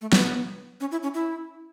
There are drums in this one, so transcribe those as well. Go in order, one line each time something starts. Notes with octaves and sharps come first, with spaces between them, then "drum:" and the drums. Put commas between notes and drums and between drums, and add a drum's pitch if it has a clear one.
A3
B3, drum: snare
C#4
E4
C#4
E4